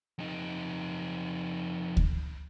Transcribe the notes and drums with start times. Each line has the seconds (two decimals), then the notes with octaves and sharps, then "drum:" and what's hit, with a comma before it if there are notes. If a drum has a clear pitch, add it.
0.19 F2 D#4
1.97 drum: kick D2